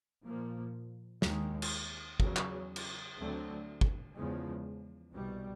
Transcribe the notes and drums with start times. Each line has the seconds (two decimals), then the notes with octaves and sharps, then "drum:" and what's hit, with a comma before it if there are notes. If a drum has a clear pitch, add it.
0.25 A#2 F3 A#3
1.22 D#2 D#3 G#3, drum: snare
1.62 drum: cymbal
2.20 E2 C#3 F#3, drum: kick
2.36 drum: clap
2.76 drum: cymbal
3.17 D2 D3 F#3 A3 C4
3.81 drum: kick
4.15 E2 C#3 F3 G#3
5.12 C2 B2 G3